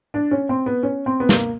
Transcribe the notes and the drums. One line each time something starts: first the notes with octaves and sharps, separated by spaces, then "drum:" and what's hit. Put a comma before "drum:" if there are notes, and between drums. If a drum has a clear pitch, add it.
D4
C#4
C4
B3
C#4
C4
B3
A#3, drum: snare